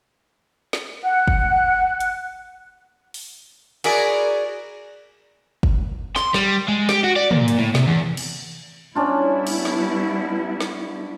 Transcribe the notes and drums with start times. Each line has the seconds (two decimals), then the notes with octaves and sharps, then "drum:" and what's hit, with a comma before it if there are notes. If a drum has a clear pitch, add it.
0.73 drum: snare
1.04 F#5 F#6
1.28 drum: kick
2.00 drum: hi-hat
3.14 drum: open hi-hat
3.84 E4 F#4 G#4 A#4 D5 G#5, drum: cymbal
5.63 drum: kick
6.16 C6, drum: snare
6.34 G3, drum: snare
6.68 G#3
6.89 G4, drum: snare
7.04 F#4
7.16 D5
7.31 A#2, drum: tom
7.48 drum: hi-hat
7.59 A2
7.75 C3, drum: snare
7.88 E2
8.17 drum: cymbal
8.95 G3 B3 C#4 D4 E4 F4
9.47 drum: cymbal
9.65 drum: snare
10.61 drum: snare